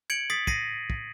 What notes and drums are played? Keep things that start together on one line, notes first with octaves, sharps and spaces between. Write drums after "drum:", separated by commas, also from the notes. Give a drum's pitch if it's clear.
G#6 C#7 D7 F#7
D#6 A6 B6 C7 F#7
A#6 C7 D#7, drum: kick
drum: kick